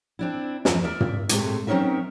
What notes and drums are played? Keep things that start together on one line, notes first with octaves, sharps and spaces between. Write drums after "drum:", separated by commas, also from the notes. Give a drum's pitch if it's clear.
C4 D4 E4
E2 F3, drum: snare
A#4 D5 E5
drum: tom
A2 C3 G#3 A3, drum: hi-hat
F#3 C4 C#4 D#4 A#4 E5